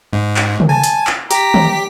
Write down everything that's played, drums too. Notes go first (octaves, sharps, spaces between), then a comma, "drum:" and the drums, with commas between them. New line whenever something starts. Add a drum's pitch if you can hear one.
G#2
drum: clap
drum: tom
G#5 A5
drum: hi-hat
drum: clap
G4 A#5 B6, drum: hi-hat
drum: tom